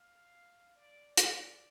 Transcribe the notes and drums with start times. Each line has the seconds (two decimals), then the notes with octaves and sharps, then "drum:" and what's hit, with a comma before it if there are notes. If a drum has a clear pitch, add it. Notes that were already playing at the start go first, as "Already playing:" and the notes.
Already playing: F5
0.76 D5
1.17 D5, drum: hi-hat